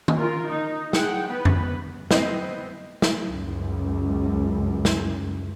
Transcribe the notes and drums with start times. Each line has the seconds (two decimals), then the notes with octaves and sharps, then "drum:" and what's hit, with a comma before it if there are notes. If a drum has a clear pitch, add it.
0.08 drum: tom D#3
0.17 F4 A#4
0.49 D#4
0.93 G#4 F#5 G5, drum: snare
1.27 B3 B4
1.45 drum: tom F2
2.11 B3 C4 D#5, drum: snare
3.02 drum: snare
3.27 C#2 F#2
4.85 drum: snare